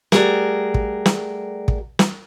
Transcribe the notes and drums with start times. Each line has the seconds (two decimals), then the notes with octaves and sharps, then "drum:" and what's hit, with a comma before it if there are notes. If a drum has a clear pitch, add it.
0.12 G3 A3 F#4 G#4 A#4, drum: snare
0.74 drum: kick
1.06 drum: snare
1.68 drum: kick
1.99 drum: snare